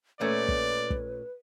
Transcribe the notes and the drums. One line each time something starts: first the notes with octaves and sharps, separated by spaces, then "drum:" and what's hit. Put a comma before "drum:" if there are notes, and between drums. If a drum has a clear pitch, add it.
A#2 A3 C#4 B4 D5
drum: kick
drum: kick